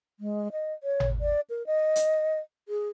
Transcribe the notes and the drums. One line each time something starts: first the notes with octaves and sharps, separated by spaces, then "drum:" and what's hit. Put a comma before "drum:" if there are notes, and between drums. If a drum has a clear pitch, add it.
G#3
D#5
C#5
drum: tom G#1
D5
A#4
D#5
drum: hi-hat
G#4